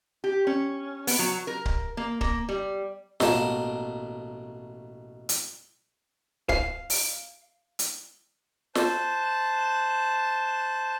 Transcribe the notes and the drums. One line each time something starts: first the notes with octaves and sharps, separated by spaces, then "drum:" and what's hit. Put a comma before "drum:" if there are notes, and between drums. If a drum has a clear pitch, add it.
G4
C#4
B3, drum: open hi-hat
F#3
A#4
drum: kick C#1
A#3
A#3, drum: kick C#1
G3
A1 B2 A#3 A5, drum: snare
drum: hi-hat
F5, drum: kick C#1
drum: open hi-hat
drum: hi-hat
C5 A5 F#6, drum: snare